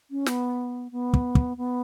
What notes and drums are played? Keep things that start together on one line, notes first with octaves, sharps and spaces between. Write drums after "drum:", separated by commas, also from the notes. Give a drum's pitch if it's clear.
C#4
B3, drum: snare
B3
drum: kick
drum: kick
B3